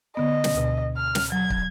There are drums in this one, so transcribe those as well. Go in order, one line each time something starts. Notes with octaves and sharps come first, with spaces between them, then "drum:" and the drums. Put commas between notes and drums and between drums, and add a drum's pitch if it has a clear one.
D3 B3 D#5
drum: snare
D2 B2
F6
drum: snare
F#3 G#6
drum: kick